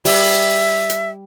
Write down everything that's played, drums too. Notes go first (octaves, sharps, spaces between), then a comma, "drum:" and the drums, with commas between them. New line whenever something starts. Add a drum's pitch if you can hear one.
G3 E5, drum: open hi-hat
drum: hi-hat